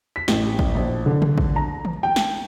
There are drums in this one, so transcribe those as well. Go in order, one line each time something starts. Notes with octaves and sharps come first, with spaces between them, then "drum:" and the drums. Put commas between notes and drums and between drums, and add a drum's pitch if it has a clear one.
B6
A1, drum: snare
drum: kick A1
A#1
D3
drum: tom C3
drum: kick A1
A#5
drum: tom D#3
G5
drum: snare